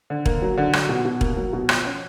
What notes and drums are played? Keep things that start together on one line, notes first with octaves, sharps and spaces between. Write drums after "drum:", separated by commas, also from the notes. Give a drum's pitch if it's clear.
D3
A#3, drum: kick E1
F#3
D3
F#3, drum: rim click
B2
B2
A#3, drum: kick E1
F#3
B2
F3, drum: rim click
C#4